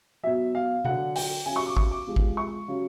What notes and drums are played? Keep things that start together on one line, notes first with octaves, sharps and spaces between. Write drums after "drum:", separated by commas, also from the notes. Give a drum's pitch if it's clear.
B2 F#3 E5
F5
D3 F#3 F#5, drum: tom C3
G5, drum: open hi-hat
C#3 F#3 G#5
C#6
D6
C#6, drum: kick G#1
D6
C3 F3 G#3
drum: kick G#1
C#6
C#3 F#3